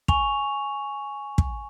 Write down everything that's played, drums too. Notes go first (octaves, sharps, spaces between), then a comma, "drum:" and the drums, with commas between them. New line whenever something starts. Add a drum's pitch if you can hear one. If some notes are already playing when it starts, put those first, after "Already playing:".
G#5 C#6 F7, drum: kick
drum: kick